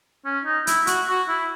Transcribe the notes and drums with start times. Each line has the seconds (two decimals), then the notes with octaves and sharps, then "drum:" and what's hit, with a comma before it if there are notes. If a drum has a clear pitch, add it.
0.25 C#4
0.45 D#4
0.67 E4, drum: hi-hat
0.87 F#4, drum: hi-hat
1.09 F#4
1.29 E4